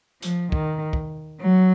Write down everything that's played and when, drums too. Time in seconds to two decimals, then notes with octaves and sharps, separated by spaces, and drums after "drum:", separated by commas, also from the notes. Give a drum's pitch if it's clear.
0.22 F3, drum: hi-hat
0.52 D#3, drum: kick
0.93 drum: kick
1.41 F#3